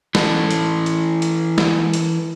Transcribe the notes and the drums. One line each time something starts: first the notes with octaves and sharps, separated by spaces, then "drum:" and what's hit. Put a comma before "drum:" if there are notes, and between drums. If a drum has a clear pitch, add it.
E3 A4, drum: snare
drum: hi-hat
drum: hi-hat
drum: hi-hat
drum: snare
drum: hi-hat